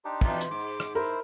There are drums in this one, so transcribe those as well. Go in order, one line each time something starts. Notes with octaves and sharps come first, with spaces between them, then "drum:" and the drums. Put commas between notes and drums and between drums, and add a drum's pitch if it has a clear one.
D4 D#4 G4 C6
E2 B2, drum: kick
drum: hi-hat
G#2 D6
drum: rim click
E4 A#4 C5